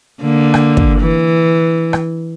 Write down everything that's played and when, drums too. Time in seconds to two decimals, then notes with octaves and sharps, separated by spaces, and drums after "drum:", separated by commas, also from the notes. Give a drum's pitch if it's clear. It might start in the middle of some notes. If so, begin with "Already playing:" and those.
0.21 D3 A#3
0.54 drum: rim click
0.77 drum: kick
1.00 E3
1.93 drum: rim click